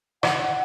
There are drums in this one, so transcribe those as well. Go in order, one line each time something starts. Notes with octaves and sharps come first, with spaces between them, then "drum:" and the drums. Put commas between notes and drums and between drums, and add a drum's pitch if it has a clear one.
F#5, drum: rim click